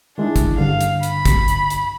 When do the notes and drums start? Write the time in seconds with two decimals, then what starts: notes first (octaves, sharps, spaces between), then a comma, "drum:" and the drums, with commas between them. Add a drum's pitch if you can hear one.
0.18 D#3 G#3 D4 E4
0.36 drum: kick, hi-hat
0.58 G2 D3 F5
0.81 drum: hi-hat
1.03 B5, drum: hi-hat
1.25 drum: kick, hi-hat
1.48 drum: hi-hat
1.70 drum: hi-hat